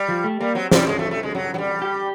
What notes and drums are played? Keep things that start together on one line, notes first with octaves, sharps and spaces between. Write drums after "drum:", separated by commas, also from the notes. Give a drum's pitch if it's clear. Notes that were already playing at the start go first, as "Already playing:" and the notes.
Already playing: G3
F3
A3
G3 A#3
F#3 C4
G3 C4, drum: snare
G#3
A3
A3
G#3
F#3
F#3
G3
G4